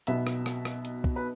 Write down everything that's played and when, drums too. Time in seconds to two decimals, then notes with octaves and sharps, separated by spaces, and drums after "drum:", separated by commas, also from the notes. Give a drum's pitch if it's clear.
0.07 B1 B2 B3 E5, drum: hi-hat
0.27 drum: rim click
0.46 drum: rim click
0.65 drum: rim click
0.85 drum: hi-hat
1.04 drum: kick
1.16 B4